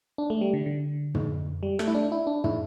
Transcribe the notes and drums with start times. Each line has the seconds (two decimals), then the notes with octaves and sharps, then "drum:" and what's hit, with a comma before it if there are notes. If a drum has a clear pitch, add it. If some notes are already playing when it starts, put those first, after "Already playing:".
0.18 D4
0.30 A3
0.41 G3
0.54 D3
0.66 D3
1.14 drum: tom
1.63 G3
1.79 A3, drum: rim click
1.88 E4
1.94 D4
2.12 E4
2.27 D4
2.44 E4, drum: tom